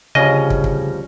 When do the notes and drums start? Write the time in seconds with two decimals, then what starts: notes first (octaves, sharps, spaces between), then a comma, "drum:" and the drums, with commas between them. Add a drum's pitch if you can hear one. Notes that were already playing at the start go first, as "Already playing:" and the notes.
0.15 D2 C#3 F3 G3 C#4 D#5
0.50 drum: kick
0.64 drum: kick